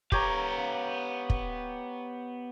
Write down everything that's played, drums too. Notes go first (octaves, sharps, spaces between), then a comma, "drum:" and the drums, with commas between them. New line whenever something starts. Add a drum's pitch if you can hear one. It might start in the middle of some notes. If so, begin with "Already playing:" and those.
B3 G4 C#5 F5 A#5, drum: kick
drum: kick